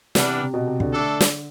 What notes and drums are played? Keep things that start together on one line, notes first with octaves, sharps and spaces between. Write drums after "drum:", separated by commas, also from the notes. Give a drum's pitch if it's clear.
C3 E3 G3 B3 D4, drum: snare
C3
B2
C3
D3, drum: kick
A3 D4 A4
drum: snare